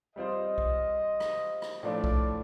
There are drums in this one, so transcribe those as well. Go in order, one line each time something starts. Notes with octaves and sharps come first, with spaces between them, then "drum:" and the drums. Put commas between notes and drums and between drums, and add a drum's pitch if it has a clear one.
G3 C4 F4 C5 D#5
drum: kick B1
drum: rim click
drum: rim click
A2 F3 A3 D4 F4 D5
drum: kick B1